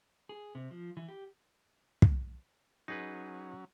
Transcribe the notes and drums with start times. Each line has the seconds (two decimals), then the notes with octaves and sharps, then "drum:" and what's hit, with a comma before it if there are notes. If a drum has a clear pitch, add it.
0.29 G#4
0.55 C3
0.71 F3
0.97 E3
1.09 G4
2.02 drum: kick
2.88 F#3 C#4 D#4 G#4 B4